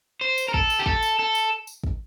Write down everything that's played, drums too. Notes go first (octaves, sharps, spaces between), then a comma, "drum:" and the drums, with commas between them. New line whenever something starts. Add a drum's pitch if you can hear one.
C5
drum: tambourine
A#4
A4, drum: kick
drum: tambourine
G4
A4, drum: kick
drum: tambourine
A4
drum: tambourine
drum: tambourine
drum: kick